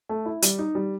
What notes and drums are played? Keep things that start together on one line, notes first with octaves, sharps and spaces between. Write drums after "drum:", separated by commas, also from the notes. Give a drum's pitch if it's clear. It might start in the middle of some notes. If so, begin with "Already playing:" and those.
A3
E4
G3, drum: hi-hat
D#4
G3